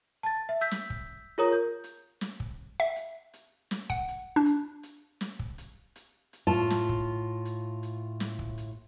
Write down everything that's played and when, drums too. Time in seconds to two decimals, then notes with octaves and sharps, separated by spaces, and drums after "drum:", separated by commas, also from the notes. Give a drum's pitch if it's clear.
0.23 A5 A6
0.49 E5
0.61 E6 G6 B6
0.71 drum: snare
0.90 drum: kick
1.38 F4 G#4 A#4 C#5 A#5 D#6
1.52 G6
1.84 drum: hi-hat
2.21 drum: snare
2.40 drum: kick
2.80 E5
2.96 drum: hi-hat
3.33 drum: hi-hat
3.71 drum: snare
3.90 F#5, drum: kick
4.08 drum: hi-hat
4.36 D4
4.46 drum: hi-hat
4.83 drum: hi-hat
5.21 drum: snare
5.39 drum: kick
5.58 drum: hi-hat
5.96 drum: hi-hat
6.33 drum: hi-hat
6.47 A2 F4 A5
6.70 drum: snare
6.89 drum: kick
7.45 drum: hi-hat
7.83 drum: hi-hat
8.20 drum: snare
8.39 drum: kick
8.58 drum: hi-hat